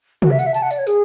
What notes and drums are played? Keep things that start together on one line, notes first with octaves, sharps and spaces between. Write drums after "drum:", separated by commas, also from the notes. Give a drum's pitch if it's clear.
F#4, drum: tom
E5
F#5, drum: tambourine
E5
A5, drum: tambourine
F#5
D5, drum: tambourine
C#5
G#4, drum: tambourine